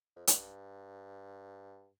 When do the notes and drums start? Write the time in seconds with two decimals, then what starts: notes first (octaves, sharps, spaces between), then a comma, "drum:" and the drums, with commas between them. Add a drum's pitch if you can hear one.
0.16 F2
0.27 G2, drum: hi-hat